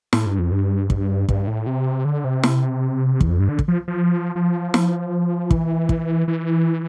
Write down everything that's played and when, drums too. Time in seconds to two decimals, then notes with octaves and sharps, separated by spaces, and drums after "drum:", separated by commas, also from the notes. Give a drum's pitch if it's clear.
0.13 A2, drum: snare
0.26 G2
0.39 F2
0.52 G2
0.90 drum: kick
1.29 G2, drum: kick
1.47 A2
1.67 C3
2.05 D3
2.24 C3
2.43 drum: snare
3.21 E2, drum: kick
3.30 F2
3.40 G2
3.49 D3
3.59 drum: kick
3.68 F3
3.88 F3
4.36 F3
4.74 drum: snare
5.51 E3, drum: kick
5.89 drum: kick
6.28 E3